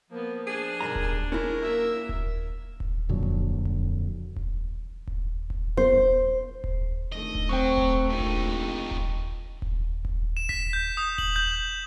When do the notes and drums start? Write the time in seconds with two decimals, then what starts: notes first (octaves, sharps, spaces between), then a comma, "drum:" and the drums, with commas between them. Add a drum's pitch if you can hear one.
0.10 F3 A#3 B3
0.47 D4 G#4
0.81 B1 G2 A#4 A#5
0.95 drum: kick D#1
1.32 G#3 C#4 E4 A#4
1.62 F#3 A#3 E5
2.09 drum: kick D#1
2.80 drum: kick D#1
3.09 F2 A#2 D3 F#3
3.23 drum: kick D#1
3.65 drum: kick D#1
4.36 drum: kick D#1
5.07 drum: kick D#1
5.50 drum: kick D#1
5.77 C5, drum: tom B3
5.93 drum: kick D#1
6.64 drum: kick D#1
7.12 F2 D3 D#3 A3 D#5
7.35 drum: kick D#1
7.49 F#3 C4 G5 C#6
7.77 drum: kick D#1
8.09 A#1 F2 D#4
8.20 drum: kick D#1
8.91 drum: kick D#1
9.62 drum: kick D#1
10.05 drum: kick D#1
10.37 E7
10.49 B6, drum: kick D#1
10.73 G6
10.97 D#6
11.18 F#7, drum: kick D#1
11.36 G6